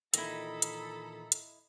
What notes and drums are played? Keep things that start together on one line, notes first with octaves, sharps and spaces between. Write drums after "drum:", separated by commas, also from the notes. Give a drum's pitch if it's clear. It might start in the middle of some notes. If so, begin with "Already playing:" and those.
A#2 D#3 E3 E4 A4 D#5 A#5 B5, drum: hi-hat
drum: hi-hat
drum: hi-hat